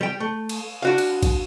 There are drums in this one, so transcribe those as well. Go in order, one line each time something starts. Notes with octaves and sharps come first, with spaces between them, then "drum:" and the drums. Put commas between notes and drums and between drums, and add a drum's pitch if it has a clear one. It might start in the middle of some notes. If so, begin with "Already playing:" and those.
G3 G5
A3
drum: cymbal
D4 F#4 F5
drum: cymbal
drum: kick A1, cymbal